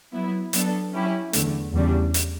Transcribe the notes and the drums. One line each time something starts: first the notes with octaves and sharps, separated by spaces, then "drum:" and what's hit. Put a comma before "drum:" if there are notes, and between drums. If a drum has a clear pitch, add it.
F#3 B3 E4
F#3 B3 D4 A4, drum: hi-hat
F#3 C#4 E4 G4
E2 D3 A3, drum: hi-hat
E2 C#3 G3 D4
drum: hi-hat